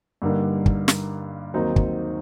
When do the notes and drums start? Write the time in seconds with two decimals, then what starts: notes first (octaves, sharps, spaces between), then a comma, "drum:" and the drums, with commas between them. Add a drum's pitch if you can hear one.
0.22 G2 D3 G3 A#3 D#4
0.66 drum: kick
0.88 drum: snare
1.54 D#2 D#3 F#3 C4 D#4
1.76 drum: kick